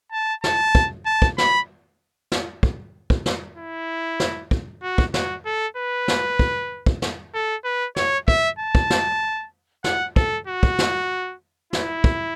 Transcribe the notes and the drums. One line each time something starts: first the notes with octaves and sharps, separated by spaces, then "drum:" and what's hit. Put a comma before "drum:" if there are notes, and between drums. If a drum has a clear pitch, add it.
A5
A5, drum: snare
drum: kick
A5
drum: kick
B5, drum: snare
drum: snare
drum: kick
drum: kick
drum: snare
E4
drum: snare
drum: kick
F#4
drum: kick
F#4, drum: snare
A4
B4
drum: snare
drum: kick
drum: kick
drum: snare
A4
B4
C#5, drum: snare
E5, drum: kick
A5
drum: kick
drum: snare
F#5, drum: snare
A4, drum: kick
F#4
drum: kick
drum: snare
E4, drum: snare
drum: kick